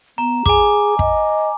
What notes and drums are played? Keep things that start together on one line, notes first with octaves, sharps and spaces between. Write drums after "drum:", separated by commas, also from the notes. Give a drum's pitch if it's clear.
B3 A#5
G#4 G#5 D6, drum: kick
D#5, drum: kick